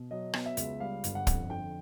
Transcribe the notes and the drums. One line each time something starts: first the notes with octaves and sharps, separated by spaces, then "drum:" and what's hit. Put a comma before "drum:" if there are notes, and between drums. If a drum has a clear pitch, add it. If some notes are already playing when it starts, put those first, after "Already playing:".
Already playing: B2
F#3 D#5
B3, drum: rim click
E5
C#2, drum: hi-hat
G3 F5
G1, drum: hi-hat
F#5
F2, drum: kick, hi-hat
D3 G5